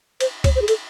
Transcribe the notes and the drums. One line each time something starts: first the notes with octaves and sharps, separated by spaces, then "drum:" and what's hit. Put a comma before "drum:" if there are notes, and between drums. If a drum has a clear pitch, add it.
C5, drum: cymbal
C#5, drum: kick C#2, cymbal
C5
G#4
A4, drum: cymbal